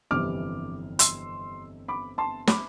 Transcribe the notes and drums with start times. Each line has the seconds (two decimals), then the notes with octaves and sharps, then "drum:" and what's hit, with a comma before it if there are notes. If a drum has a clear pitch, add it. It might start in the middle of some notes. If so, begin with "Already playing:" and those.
0.11 G1 F2 C3 E3 D6 F6
0.99 C6 E6, drum: hi-hat
1.88 B5 D6
2.18 A5 C6
2.47 B5 D6, drum: snare